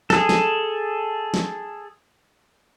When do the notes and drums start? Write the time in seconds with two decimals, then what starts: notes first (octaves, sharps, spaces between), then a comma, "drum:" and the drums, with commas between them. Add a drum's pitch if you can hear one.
0.10 G#4 A4, drum: snare
0.29 drum: snare
1.34 drum: snare